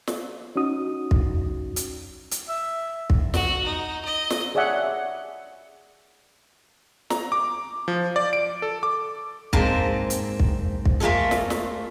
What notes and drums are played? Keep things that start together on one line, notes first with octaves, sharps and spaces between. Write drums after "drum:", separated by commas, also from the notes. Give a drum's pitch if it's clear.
drum: snare
C#4 D#4 F#4 D#6
drum: kick
drum: hi-hat
drum: hi-hat
E5
drum: kick
F#4, drum: snare
D#4
D#5
drum: snare
G#4 C#5 D5 E5 F#5
A#5, drum: snare
D6
F3
D5
D7
A4
D6
G#2 A#3 C4 A5, drum: kick
drum: hi-hat
drum: kick
drum: kick
A3 A#3 F4 G#4 A4
drum: snare
drum: snare